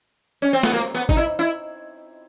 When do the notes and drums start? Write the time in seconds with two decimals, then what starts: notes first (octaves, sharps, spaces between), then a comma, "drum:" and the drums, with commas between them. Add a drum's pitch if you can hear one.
0.42 C#4
0.53 C4
0.63 B3, drum: snare
0.73 A#3
0.95 B3
1.09 D#4, drum: kick G#1
1.17 E4
1.39 E4